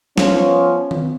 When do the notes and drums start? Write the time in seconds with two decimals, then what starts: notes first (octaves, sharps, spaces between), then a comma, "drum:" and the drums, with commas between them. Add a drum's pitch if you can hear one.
0.18 F3 B3 C#4, drum: snare
0.91 drum: tom D#3